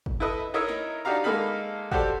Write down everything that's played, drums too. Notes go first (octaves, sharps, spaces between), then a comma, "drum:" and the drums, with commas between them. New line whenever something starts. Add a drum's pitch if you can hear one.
drum: kick
E4 A4 B4 D#5
D#4 E4 A#4 C#5 D#5 E5
drum: snare
D4 D#4 F#4 G4 F5 A#5
G#3 A#3 D#4 A4 F5 B5
F#4 G4 A4 C5 D5, drum: kick